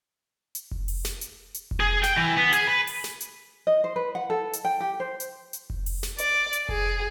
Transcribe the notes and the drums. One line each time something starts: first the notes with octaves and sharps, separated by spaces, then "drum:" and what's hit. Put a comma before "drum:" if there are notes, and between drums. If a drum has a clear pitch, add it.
drum: hi-hat
drum: kick F1
drum: open hi-hat
drum: snare
drum: hi-hat
drum: hi-hat
drum: kick F1
G#4
G5, drum: snare
E3
B3
G#4, drum: hi-hat
B4
drum: open hi-hat
drum: snare
drum: hi-hat
D#5
C5
B4
F#5
A4
drum: hi-hat
G5
G4
C5
drum: hi-hat
drum: hi-hat
drum: kick F1
drum: open hi-hat
drum: snare
D5, drum: hi-hat
drum: hi-hat
G#4, drum: kick F1